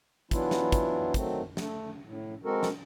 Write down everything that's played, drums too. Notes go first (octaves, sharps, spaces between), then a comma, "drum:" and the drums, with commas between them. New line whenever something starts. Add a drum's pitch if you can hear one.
E3 F#3 B3 D4 E4 F4, drum: kick, hi-hat
drum: snare
drum: kick, hi-hat
D#3 F#3 A3 C4, drum: kick, hi-hat
A3, drum: snare
A2
G#3 C4 F#4 A4 A#4
drum: snare